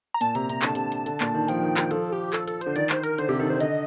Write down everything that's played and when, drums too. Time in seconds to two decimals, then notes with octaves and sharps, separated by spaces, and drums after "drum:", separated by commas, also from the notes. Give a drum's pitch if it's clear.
0.14 A#5
0.21 A#2 A5, drum: hi-hat
0.35 C3 A#5, drum: hi-hat
0.49 C3 A#5, drum: hi-hat
0.62 D3 A5, drum: clap
0.75 C3, drum: hi-hat
0.92 drum: hi-hat
1.06 D3, drum: hi-hat
1.21 A#2, drum: clap
1.34 D#3
1.48 F3 G5, drum: hi-hat
1.62 D#3
1.77 D#3, drum: clap
1.91 F3 A4, drum: hi-hat
2.12 G4
2.33 A4, drum: clap
2.48 A4, drum: hi-hat
2.61 C5, drum: hi-hat
2.66 D3
2.76 D#3 D5, drum: hi-hat
2.90 C5, drum: clap
3.03 A#4, drum: hi-hat
3.18 D3 C5, drum: hi-hat
3.29 C3 G4
3.39 D#3 A4
3.50 D3 C5
3.60 D3 D#5, drum: hi-hat